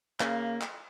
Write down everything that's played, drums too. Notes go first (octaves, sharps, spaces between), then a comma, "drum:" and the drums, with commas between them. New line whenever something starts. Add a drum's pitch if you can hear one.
C#3 A#3, drum: clap
drum: clap